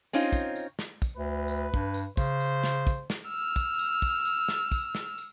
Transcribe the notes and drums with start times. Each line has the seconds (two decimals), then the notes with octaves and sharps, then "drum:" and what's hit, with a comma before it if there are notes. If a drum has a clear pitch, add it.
0.13 C4 C#4 D#4 F4
0.32 drum: kick, tambourine
0.56 drum: tambourine
0.79 drum: snare
1.02 drum: kick, tambourine
1.16 D2 B4
1.48 drum: tambourine
1.74 G2, drum: kick
1.94 drum: tambourine
2.17 C#3 C5, drum: kick, tambourine
2.40 drum: tambourine
2.64 drum: snare
2.87 drum: kick, tambourine
3.10 drum: snare
3.29 E6 F6
3.56 drum: kick, tambourine
3.79 drum: tambourine
4.02 drum: kick, tambourine
4.25 drum: tambourine
4.48 drum: snare
4.72 drum: kick, tambourine
4.95 drum: snare
5.18 drum: tambourine